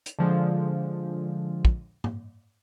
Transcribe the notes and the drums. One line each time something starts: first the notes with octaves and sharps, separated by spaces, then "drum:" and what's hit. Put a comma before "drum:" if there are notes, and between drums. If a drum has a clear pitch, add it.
drum: hi-hat
D3 F3 G#3
drum: kick
drum: tom G#2